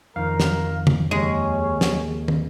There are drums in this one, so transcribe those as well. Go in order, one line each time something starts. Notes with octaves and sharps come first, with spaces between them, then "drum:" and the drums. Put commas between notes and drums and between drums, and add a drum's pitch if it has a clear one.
F2 D#3 A#4 F5
drum: snare
drum: tom
D#2 G#3 C#4 C#5
drum: snare
drum: tom